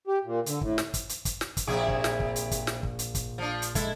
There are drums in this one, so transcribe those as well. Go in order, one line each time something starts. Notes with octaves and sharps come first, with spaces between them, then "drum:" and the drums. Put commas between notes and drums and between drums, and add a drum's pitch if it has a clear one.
G4
A#2
D3, drum: hi-hat
A2, drum: kick
drum: snare
drum: kick, hi-hat
drum: hi-hat
drum: kick, hi-hat
drum: snare
drum: kick, hi-hat
A#1 C3 E4 G#4 D6 D#6
drum: kick
drum: snare
drum: kick
drum: hi-hat
drum: kick, hi-hat
drum: snare
drum: kick
drum: hi-hat
drum: kick, hi-hat
F3 D4
drum: hi-hat
G#3 E4 G#4 A4, drum: kick, hi-hat